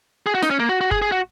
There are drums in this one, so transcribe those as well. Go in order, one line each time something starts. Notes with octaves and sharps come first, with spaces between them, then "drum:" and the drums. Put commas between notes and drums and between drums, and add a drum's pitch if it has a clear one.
G#4
F#4
D#4, drum: snare
C#4
A#3
F#4
F#4
G#4, drum: kick F#1
G#4
F#4